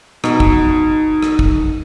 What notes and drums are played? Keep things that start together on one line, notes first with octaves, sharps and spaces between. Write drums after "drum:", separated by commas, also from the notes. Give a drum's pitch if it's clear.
B2 D#4, drum: rim click
drum: kick
drum: rim click
drum: kick